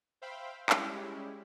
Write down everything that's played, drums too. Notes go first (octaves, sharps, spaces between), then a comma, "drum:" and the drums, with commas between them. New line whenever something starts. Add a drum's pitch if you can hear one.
C5 E5 F5 G5 B5
G3 G#3 C#4 E4 G4, drum: clap